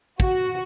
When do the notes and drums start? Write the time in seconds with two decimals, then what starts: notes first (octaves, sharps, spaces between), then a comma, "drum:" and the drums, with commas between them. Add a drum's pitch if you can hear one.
0.20 F#4, drum: kick